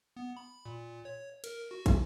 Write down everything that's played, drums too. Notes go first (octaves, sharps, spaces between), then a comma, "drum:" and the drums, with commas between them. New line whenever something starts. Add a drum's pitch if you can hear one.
B3
B5
A#2
C#5
A#4, drum: cymbal
F#4
drum: kick, cymbal